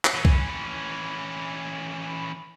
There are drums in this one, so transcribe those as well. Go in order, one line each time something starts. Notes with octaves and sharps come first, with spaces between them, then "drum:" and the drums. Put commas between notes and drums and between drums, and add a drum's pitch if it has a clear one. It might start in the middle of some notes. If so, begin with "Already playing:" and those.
drum: clap
E3 C#4
drum: kick C2